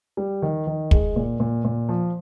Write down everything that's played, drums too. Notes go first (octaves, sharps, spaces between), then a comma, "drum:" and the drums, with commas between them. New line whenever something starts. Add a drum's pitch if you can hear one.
G3
D#3
D#3
G#3, drum: kick
A#2
A#2
A#2
F3